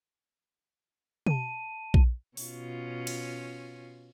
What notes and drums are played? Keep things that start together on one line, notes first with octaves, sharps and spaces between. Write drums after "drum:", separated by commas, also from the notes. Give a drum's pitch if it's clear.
A5 D#7, drum: tom
drum: kick A#1
B2 C#4 F4, drum: open hi-hat
drum: cymbal